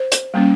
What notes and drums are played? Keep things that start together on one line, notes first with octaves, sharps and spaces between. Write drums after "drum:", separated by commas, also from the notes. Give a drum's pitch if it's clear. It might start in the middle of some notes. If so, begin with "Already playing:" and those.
Already playing: C5
drum: hi-hat
G3 A#3 C#4